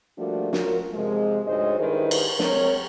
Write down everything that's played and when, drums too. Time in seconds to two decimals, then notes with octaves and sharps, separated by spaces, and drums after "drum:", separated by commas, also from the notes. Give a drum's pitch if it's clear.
0.18 F3 G3 A3 A#3 D4 F#4
0.53 C#4 F4 F#4 A#4, drum: snare
0.94 G#2 C3 F3 G#3
1.46 D2 G#2 G#3 C5 C#5 D#5
1.79 G2 D#3 E4 G#4 B4 C5
2.11 drum: cymbal
2.39 G#3 C4 A#4 C#5, drum: snare